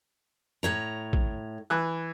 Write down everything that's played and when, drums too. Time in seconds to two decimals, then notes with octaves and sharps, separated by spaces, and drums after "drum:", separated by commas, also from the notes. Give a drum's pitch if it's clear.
0.63 A2 C#5 A#5
1.13 drum: kick
1.70 E3 F#6